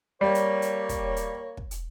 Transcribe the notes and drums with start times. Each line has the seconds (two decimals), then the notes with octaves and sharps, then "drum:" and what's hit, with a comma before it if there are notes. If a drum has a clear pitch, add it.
0.21 G3 A#3 G4 C#5
0.35 drum: hi-hat
0.62 drum: hi-hat
0.89 drum: kick, hi-hat
1.16 drum: hi-hat
1.57 drum: kick
1.71 drum: hi-hat